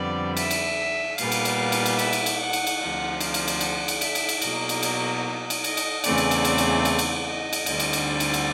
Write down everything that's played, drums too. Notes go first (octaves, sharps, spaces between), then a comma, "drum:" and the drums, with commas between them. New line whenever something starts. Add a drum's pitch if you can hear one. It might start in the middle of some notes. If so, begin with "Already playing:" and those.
Already playing: F2 D3 G3 B3 D5
E5, drum: cymbal
drum: cymbal
A#2 G3 B3 F5, drum: cymbal
drum: cymbal
drum: cymbal
drum: cymbal
drum: cymbal
E5, drum: cymbal
drum: cymbal
drum: cymbal
F#5
drum: cymbal
drum: cymbal
D2 C3 F3
F5, drum: cymbal
drum: cymbal
drum: cymbal
F#5, drum: cymbal
drum: cymbal
E5, drum: cymbal
drum: cymbal
drum: cymbal
B2 F#3 A#3 D#5, drum: cymbal
drum: cymbal
drum: cymbal
drum: cymbal
D#5, drum: cymbal
drum: cymbal
E2 C#3 E3 A3 C4 D5, drum: cymbal
drum: cymbal
drum: cymbal
drum: cymbal
drum: cymbal
drum: cymbal
drum: cymbal
D#5
drum: cymbal
D2 D3 G3 C4, drum: cymbal
drum: cymbal
drum: cymbal
D5
drum: cymbal
drum: cymbal